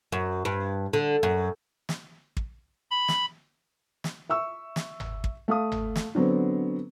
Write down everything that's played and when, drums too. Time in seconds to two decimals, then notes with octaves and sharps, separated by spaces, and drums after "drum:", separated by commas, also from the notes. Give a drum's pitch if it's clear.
0.12 F#2
0.45 G2
0.93 D3
1.23 F#2
1.89 drum: snare
2.37 drum: kick
2.91 B5
3.08 drum: snare
4.04 drum: snare
4.29 E5 C#6 E6
4.76 drum: snare
5.00 drum: tom G1
5.24 drum: kick
5.48 A3 F5 D#6
5.72 drum: tom G1
5.96 drum: snare
6.15 D3 F#3 B3 C4